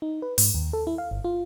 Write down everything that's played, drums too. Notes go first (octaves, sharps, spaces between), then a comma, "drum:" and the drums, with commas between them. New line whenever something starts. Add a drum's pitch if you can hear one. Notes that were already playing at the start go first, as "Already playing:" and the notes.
D#4
B4
G#2, drum: open hi-hat
D#2
A4
E4
F5
G1
F4